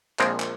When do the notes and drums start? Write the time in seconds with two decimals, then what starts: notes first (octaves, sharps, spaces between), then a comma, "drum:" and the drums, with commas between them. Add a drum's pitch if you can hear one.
0.19 A#1 A#2 F3 G#3 C4 G5, drum: clap
0.40 drum: clap